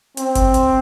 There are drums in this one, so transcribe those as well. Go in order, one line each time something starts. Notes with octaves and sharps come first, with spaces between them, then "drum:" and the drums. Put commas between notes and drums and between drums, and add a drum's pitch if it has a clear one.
C4, drum: hi-hat
drum: kick F#1, hi-hat
drum: hi-hat